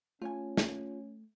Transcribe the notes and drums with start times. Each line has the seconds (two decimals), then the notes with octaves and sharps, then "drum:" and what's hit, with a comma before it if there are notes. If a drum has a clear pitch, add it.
0.22 A3 C#4 F4 C#5 G#5
0.57 drum: snare